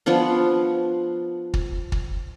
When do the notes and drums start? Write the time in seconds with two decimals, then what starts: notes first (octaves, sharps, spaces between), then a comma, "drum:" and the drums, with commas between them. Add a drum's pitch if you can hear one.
0.06 F3 B3 D4 F4
1.54 drum: kick
1.92 drum: kick